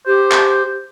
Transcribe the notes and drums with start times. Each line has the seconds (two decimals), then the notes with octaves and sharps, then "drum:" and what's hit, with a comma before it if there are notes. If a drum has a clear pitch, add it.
0.07 G4 C5
0.32 drum: clap